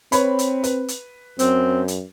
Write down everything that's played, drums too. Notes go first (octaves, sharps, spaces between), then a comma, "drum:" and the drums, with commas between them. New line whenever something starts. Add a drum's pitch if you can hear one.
C4 B4 C#5 B5, drum: hi-hat
drum: hi-hat
B4, drum: hi-hat
drum: hi-hat
F#2 C4, drum: hi-hat
drum: hi-hat